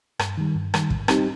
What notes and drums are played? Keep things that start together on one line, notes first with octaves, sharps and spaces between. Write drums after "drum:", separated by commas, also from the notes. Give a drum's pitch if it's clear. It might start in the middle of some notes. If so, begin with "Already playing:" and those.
G2, drum: rim click
D#3 G3
G2
D#3 G3, drum: rim click
G#2, drum: kick
G3 C4 D#4 G4, drum: rim click